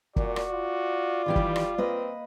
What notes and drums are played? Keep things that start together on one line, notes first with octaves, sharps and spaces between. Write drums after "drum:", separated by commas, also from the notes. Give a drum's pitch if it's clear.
A#2 F#4 D5, drum: kick
drum: rim click
F4
D#3 E3 G3 G4
drum: kick
drum: rim click
A#3 C4 B4 D#5